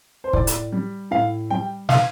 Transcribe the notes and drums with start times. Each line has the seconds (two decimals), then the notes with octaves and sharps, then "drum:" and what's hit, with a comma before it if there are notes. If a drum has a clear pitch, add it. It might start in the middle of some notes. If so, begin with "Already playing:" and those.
0.24 C5
0.33 A2 D5, drum: kick
0.47 drum: hi-hat
0.72 G3
1.11 A2 F5
1.50 G3 G5
1.89 F5, drum: snare